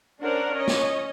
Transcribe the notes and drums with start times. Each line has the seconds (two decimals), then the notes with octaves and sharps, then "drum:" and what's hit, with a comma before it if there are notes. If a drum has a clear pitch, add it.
0.21 C#4 D4 A#4 C5 F#5
0.52 C#4 C#5 D#5
0.67 drum: snare